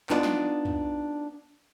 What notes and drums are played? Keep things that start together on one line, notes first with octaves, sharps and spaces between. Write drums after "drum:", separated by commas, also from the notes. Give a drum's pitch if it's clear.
B3 D4 D#4 F4 D5, drum: clap
drum: snare
drum: tom